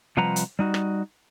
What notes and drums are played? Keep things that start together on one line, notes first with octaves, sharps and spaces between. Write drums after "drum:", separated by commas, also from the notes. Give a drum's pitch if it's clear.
C3 F3 G3 B4 F#5 A#5
drum: hi-hat
G3 D#4 F#4
drum: rim click